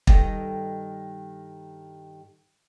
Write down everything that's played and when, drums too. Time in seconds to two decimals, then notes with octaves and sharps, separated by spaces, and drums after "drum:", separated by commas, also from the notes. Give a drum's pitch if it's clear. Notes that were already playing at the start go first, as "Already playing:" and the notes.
0.07 G2 D#3 G3 A4 D#5 G5, drum: kick